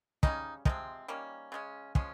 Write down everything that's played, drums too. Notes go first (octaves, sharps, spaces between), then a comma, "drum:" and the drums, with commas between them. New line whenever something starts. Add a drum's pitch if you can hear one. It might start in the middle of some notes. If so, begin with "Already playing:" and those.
C#3 G3 C#4 D#4, drum: kick
C3 F3 G#3 C4 D#4, drum: kick
D#3 G3 A#3 C#4
C#3 G#3 C#4
F3 G#3 C#4, drum: kick